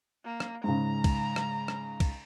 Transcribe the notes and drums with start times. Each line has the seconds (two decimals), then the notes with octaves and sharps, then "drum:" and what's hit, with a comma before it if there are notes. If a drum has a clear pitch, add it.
0.24 A#3
0.40 drum: rim click
0.64 G#2 C#3 A#5
1.04 drum: kick, cymbal
1.36 drum: rim click
1.68 drum: rim click
2.00 drum: kick, cymbal